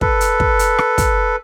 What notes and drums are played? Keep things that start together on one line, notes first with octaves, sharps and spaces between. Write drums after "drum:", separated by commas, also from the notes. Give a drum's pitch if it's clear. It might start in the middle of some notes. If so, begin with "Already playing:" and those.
A4 B4, drum: kick
drum: hi-hat
drum: kick
drum: hi-hat
drum: rim click
drum: kick, hi-hat